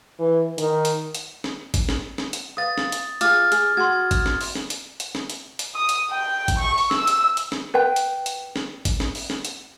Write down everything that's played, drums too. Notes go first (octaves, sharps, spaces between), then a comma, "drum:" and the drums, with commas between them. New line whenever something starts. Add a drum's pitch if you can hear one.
E3
D#3, drum: hi-hat
drum: hi-hat
drum: hi-hat
drum: snare
drum: kick G#1, hi-hat
drum: snare
drum: snare
drum: hi-hat
B4 F5 D#6 A6
drum: snare
drum: hi-hat
F4 G#4 D6 F6 A6, drum: hi-hat
G#4, drum: hi-hat
F#4 C6 G#6
drum: kick G#1, hi-hat
drum: snare
drum: open hi-hat
drum: snare
drum: hi-hat
drum: hi-hat
drum: snare
drum: hi-hat
drum: hi-hat
D#6
drum: hi-hat
G5
drum: kick G#1, hi-hat
C#6
drum: open hi-hat
E6, drum: snare
drum: hi-hat
drum: hi-hat
drum: snare
B4 G5
drum: hi-hat
drum: hi-hat
drum: snare
drum: kick G#1, hi-hat
drum: snare
drum: open hi-hat
drum: snare
drum: hi-hat